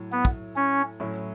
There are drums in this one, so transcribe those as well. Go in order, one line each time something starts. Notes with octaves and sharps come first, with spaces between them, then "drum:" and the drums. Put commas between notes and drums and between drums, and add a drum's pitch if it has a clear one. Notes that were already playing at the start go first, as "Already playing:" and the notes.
Already playing: A2 F#3
B3
drum: kick
C#4
A2 F#3 C#4 E4